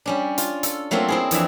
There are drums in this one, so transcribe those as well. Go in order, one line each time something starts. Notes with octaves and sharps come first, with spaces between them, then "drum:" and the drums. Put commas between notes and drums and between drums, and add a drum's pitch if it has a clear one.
G3 C#4 D4
F4, drum: hi-hat
A4, drum: hi-hat
F#3 A3 A#3 C4 F4
C4 E4 G#4
F2 E3 D4 E5, drum: hi-hat